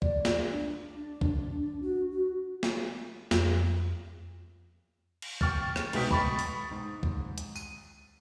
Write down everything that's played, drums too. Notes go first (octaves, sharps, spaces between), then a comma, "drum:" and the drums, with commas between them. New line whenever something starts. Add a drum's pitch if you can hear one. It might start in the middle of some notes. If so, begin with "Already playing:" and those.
D5, drum: kick
drum: snare
D4
drum: kick
F#4
F#4
drum: snare
F2, drum: snare
drum: cymbal
G5 C#6 F6 A6, drum: kick
drum: rim click
G#2 B2 A3 G5 D#6 B6, drum: cymbal
B5 C#6 A6, drum: kick
drum: open hi-hat
G#2
drum: kick
drum: hi-hat
D#7, drum: tambourine